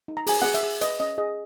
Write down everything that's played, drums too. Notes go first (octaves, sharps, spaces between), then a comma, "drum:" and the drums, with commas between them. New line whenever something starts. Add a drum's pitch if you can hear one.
D#4
A#5
G#4 G#5, drum: open hi-hat
G#4 F#5, drum: snare
E5, drum: hi-hat
G#4
B4 D#5, drum: hi-hat
C#4 D#5
G#4 D#5